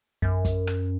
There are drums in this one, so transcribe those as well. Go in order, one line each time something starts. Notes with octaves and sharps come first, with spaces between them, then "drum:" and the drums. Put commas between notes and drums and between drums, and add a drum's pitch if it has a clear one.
F#2, drum: kick
drum: kick, hi-hat
drum: rim click